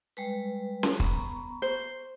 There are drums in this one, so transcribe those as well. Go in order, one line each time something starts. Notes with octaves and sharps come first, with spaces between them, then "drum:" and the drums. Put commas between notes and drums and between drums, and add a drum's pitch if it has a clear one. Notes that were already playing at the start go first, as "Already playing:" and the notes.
G3 G#3 B4
drum: snare C#4
B3 A#5 C#6, drum: kick
C5